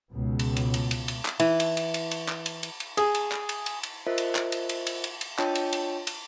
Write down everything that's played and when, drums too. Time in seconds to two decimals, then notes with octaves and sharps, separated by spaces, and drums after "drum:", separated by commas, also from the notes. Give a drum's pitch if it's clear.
0.11 C#2 B2
0.39 drum: cymbal
0.57 drum: cymbal
0.74 drum: cymbal
0.91 drum: cymbal
1.08 drum: cymbal
1.25 drum: clap
1.40 E3, drum: cymbal
1.60 drum: cymbal
1.77 drum: cymbal
1.94 drum: cymbal
2.11 drum: cymbal
2.29 drum: clap
2.46 drum: cymbal
2.63 drum: cymbal
2.80 drum: cymbal
2.97 G#4, drum: cymbal
3.15 drum: cymbal
3.32 drum: clap
3.49 drum: cymbal
3.66 drum: cymbal
3.83 drum: cymbal
4.07 F4 A#4 C5 D#5 E5
4.18 drum: cymbal
4.35 drum: clap
4.52 drum: cymbal
4.69 drum: cymbal
4.87 drum: cymbal
5.04 drum: cymbal
5.21 drum: cymbal
5.39 D4 F4 C#5 D#5 G5 A5, drum: clap
5.55 drum: cymbal
5.73 drum: cymbal
6.07 drum: cymbal